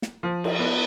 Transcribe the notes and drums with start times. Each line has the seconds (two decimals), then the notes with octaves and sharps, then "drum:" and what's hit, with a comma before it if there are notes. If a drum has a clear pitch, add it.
0.02 drum: snare
0.23 F3
0.44 drum: cymbal
0.59 B3